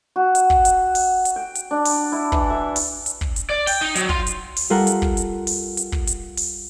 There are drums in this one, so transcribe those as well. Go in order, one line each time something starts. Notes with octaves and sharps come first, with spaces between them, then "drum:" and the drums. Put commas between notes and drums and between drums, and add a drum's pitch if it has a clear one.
F#4
drum: hi-hat
drum: kick
drum: hi-hat
drum: open hi-hat
drum: hi-hat
G5
drum: hi-hat
D4
drum: open hi-hat
E4
E3, drum: kick
E5
drum: open hi-hat
drum: hi-hat
drum: kick
drum: hi-hat
D5
G5, drum: open hi-hat
D#4
F#3, drum: hi-hat
F4, drum: kick
drum: hi-hat
drum: open hi-hat
G3 F4 A4 A#4 F#5
drum: hi-hat
drum: kick
drum: hi-hat
drum: open hi-hat
drum: hi-hat
drum: kick
drum: hi-hat
drum: open hi-hat